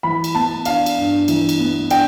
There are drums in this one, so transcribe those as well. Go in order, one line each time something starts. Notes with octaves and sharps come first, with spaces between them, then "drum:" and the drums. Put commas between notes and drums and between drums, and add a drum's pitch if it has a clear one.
E3 B5
drum: cymbal
B3 A5
D4 F5, drum: cymbal
drum: cymbal
G2
E3, drum: cymbal
drum: cymbal
B3
D4 G5, drum: cymbal